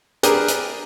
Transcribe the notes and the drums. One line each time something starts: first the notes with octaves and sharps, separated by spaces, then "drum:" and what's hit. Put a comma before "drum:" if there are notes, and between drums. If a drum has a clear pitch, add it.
D4 G4 G#4 A#4 B4, drum: hi-hat
drum: hi-hat